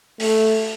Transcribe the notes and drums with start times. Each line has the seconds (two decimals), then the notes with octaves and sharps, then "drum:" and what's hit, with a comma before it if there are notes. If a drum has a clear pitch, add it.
0.20 A3, drum: open hi-hat